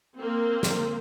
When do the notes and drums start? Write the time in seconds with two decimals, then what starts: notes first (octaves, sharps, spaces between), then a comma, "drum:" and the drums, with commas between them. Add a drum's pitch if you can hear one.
0.18 A#3 C4
0.63 drum: snare